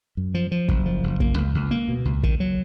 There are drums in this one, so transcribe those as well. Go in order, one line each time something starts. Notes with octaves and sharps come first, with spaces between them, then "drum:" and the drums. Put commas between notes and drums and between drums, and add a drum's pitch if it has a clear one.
F#2
F3
F3
F#1, drum: kick
F3
F#1
A#3, drum: kick
C#2
C#2
A#3
B2
C#2
D#3, drum: kick
F#3